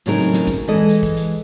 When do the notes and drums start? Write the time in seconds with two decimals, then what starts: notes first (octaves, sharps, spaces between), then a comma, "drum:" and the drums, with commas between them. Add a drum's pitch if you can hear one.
0.06 A2 C#3 F#3 C4 D#4 A#4, drum: hi-hat
0.20 drum: hi-hat
0.34 drum: snare
0.47 drum: kick, hi-hat
0.68 E3 G#3 A4 D#5
0.89 drum: hi-hat
1.03 drum: kick, hi-hat
1.17 drum: hi-hat